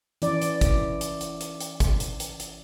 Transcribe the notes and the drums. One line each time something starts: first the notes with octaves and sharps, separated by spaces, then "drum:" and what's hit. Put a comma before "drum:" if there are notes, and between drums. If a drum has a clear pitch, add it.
E3 C#4 D5, drum: hi-hat
drum: hi-hat
drum: kick G1, hi-hat
drum: hi-hat
drum: hi-hat
drum: hi-hat
drum: hi-hat
drum: kick G1, hi-hat
drum: hi-hat
drum: hi-hat
drum: hi-hat